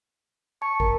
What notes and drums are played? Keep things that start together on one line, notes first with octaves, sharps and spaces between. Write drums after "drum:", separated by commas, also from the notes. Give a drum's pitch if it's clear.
A5 C#6
A#4, drum: kick